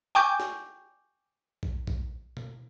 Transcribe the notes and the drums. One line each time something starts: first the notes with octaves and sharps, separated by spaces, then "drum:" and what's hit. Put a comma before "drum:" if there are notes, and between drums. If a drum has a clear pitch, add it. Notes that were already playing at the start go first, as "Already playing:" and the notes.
G5 G#5 C#6 D6 G6
drum: snare
drum: kick
drum: kick
drum: tom B2